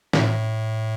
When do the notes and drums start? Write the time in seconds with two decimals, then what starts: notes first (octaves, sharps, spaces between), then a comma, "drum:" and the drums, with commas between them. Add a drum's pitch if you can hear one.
0.13 A2, drum: snare